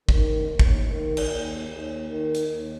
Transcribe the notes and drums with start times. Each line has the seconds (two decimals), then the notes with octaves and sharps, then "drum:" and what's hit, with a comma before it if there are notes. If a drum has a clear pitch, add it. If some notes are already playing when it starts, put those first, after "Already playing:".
0.09 D#3, drum: kick
0.48 D#2
0.59 drum: kick
0.88 D#3
1.17 drum: cymbal
1.28 D#2
1.69 D#2
2.08 D#3
2.35 drum: hi-hat
2.48 D#2